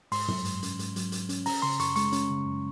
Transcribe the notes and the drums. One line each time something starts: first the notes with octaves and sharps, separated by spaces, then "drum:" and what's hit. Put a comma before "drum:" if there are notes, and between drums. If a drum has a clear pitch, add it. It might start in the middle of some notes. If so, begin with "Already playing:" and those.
G#2 C6, drum: open hi-hat
F#3, drum: tom
G#2, drum: hi-hat
C#4, drum: hi-hat
G#2, drum: hi-hat
F#3, drum: hi-hat
G#2, drum: hi-hat
C#4, drum: hi-hat
C#4 A#5, drum: open hi-hat
C#3 C6
F#2 C#6, drum: hi-hat
G#3 C#6, drum: hi-hat
C#4, drum: hi-hat
C#3
F#2